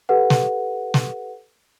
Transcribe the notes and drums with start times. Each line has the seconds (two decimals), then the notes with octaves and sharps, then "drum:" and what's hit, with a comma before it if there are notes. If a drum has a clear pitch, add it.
0.09 G4 A4 B4 F#5
0.30 drum: snare
0.94 drum: snare